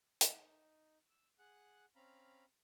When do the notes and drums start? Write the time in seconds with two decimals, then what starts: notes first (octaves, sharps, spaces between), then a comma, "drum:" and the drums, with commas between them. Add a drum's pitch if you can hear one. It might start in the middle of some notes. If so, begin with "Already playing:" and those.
0.21 D#4, drum: hi-hat
1.10 E6
1.39 G#4 F#5 F#6
1.95 C4 C#4 F5 A#5 B5